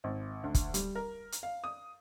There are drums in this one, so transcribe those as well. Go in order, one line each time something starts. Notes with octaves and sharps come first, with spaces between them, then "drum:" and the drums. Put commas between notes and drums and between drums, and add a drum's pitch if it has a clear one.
G#1
D2
drum: kick, hi-hat
G3, drum: hi-hat
A#4
drum: hi-hat
F5
D#6